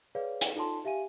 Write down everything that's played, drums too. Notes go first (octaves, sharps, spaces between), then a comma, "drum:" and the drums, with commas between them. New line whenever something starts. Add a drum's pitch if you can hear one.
G#4 B4 C#5 D5 F5
drum: hi-hat
D#4 F4 A4 A5 C6
G4 E5 F5 G#5 D#7